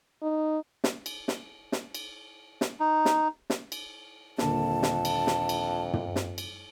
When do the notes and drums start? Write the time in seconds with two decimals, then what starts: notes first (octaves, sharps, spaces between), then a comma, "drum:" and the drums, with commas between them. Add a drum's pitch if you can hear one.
0.22 D#4
0.84 drum: snare
1.06 drum: cymbal
1.28 drum: snare
1.72 drum: snare
1.95 drum: cymbal
2.61 drum: snare
2.80 D#4
3.05 drum: snare
3.50 drum: snare
3.72 drum: cymbal
4.38 D#1 F2 D3 A#3 A5, drum: snare
4.83 drum: snare
5.05 drum: cymbal
5.27 drum: snare
5.49 drum: cymbal
5.94 drum: tom
6.16 drum: snare
6.38 drum: cymbal